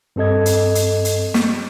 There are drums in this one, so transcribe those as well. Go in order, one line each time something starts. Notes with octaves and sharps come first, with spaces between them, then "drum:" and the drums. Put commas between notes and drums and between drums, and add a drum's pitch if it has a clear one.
G2 C4 A4 D#5 G#6
drum: hi-hat
drum: hi-hat
drum: hi-hat
drum: snare